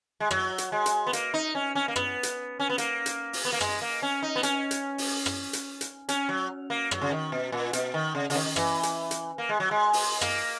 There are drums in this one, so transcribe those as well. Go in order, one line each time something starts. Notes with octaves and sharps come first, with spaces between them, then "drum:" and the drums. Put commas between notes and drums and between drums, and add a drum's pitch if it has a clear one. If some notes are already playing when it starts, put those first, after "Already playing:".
G#3
F#3, drum: rim click
drum: hi-hat
G#3
drum: hi-hat
B3
A#3, drum: hi-hat
D#4
C#4
C#4
A#3
B3, drum: rim click
drum: hi-hat
C#4
B3
A#3, drum: hi-hat
drum: hi-hat
drum: open hi-hat
B3
A#3
G#3, drum: rim click
A#3
C#4
D#4
B3
C#4, drum: hi-hat
drum: hi-hat
drum: open hi-hat
drum: rim click
drum: hi-hat
drum: hi-hat
C#4, drum: hi-hat
F#3
A#3
F#3, drum: rim click
C#3
D#3
B2
A#2
B2, drum: hi-hat
D#3
C#3
C#3, drum: open hi-hat
D#3
D#3
E3, drum: rim click
drum: hi-hat
drum: hi-hat
A#3
G#3
F#3
G#3
drum: open hi-hat
A#3, drum: rim click